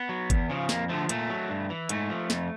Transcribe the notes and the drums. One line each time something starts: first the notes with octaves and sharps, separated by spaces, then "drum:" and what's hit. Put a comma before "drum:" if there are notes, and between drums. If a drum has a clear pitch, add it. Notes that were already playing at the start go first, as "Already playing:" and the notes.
Already playing: B3
F#3
E2, drum: kick, hi-hat
C#3 F3
F2 A#3, drum: snare
D3 F3 A3
A#2 A3, drum: hi-hat
F#3
G2
E3
G#2 A3, drum: hi-hat
F3
F2, drum: snare